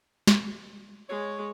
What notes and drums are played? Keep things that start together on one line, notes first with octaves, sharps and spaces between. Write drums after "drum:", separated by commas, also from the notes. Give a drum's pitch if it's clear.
drum: snare
G#3 C#5